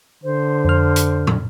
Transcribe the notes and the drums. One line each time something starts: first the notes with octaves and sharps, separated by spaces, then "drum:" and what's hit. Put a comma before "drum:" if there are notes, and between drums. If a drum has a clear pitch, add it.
D3 C5
F2 F6
drum: hi-hat
drum: tom